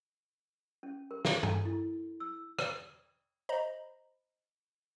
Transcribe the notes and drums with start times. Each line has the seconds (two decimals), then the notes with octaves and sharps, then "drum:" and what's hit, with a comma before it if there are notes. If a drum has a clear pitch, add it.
0.83 C#4
1.11 A#4
1.25 D4, drum: snare
1.43 A4, drum: tom G2
1.65 E4
2.20 E6
2.59 drum: rim click
3.49 C5 D#5 A#5 B5